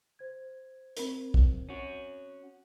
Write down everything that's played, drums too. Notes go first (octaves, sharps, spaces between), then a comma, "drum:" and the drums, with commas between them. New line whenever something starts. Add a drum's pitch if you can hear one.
C5 G#6
C4 A#4, drum: hi-hat
drum: kick
C#4 F#4